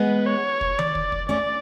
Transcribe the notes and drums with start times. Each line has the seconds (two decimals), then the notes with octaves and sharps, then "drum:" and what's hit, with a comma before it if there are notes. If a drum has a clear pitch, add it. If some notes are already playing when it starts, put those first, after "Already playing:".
Already playing: G#3 B3 B4
0.26 C#5
0.61 drum: kick
0.79 D5, drum: tom D#3
0.95 drum: kick
1.12 drum: kick
1.29 A3 C#4 D5